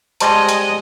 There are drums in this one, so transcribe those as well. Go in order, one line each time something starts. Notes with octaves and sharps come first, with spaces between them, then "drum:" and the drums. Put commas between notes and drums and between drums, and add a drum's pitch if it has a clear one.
G3 G#3 C5 D#5 A5, drum: hi-hat
drum: hi-hat